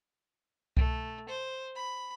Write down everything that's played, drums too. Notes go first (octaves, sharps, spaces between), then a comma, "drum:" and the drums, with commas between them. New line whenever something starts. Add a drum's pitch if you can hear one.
A3, drum: kick C2
C5
B5